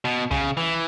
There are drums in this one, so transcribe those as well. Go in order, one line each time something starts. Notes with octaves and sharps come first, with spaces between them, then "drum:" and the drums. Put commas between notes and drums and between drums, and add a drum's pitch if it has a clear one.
B2
C#3, drum: kick B1
E3